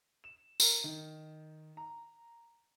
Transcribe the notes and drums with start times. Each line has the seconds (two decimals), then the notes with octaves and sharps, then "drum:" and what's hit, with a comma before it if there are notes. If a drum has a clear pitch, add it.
0.24 E7
0.60 A#4, drum: tambourine
0.84 D#3
1.77 A#5